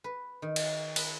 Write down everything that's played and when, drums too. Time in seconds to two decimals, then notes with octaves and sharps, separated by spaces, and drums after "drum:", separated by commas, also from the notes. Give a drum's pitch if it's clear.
0.04 B4
0.42 D#3
0.56 drum: cymbal
0.96 B5, drum: cymbal